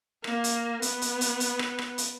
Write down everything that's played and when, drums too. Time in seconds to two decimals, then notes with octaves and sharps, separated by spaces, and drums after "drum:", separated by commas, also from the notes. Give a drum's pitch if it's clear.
0.24 A#3, drum: rim click
0.44 drum: hi-hat
0.82 B3, drum: hi-hat
1.02 drum: hi-hat
1.21 drum: hi-hat
1.40 drum: hi-hat
1.59 drum: rim click
1.79 drum: rim click
1.98 drum: hi-hat